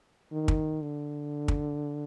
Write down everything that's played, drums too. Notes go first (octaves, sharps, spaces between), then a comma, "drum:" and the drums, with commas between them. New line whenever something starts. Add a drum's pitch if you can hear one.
D#3
drum: kick
D3
drum: kick